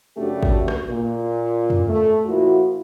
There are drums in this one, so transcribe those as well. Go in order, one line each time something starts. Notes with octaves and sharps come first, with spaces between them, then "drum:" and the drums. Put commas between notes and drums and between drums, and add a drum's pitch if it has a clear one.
F#2 C#3 A3 D4 F#4 G4
drum: kick
drum: rim click
A#2
drum: tom F2
A3
A#2 F3 A#3 E4 F#4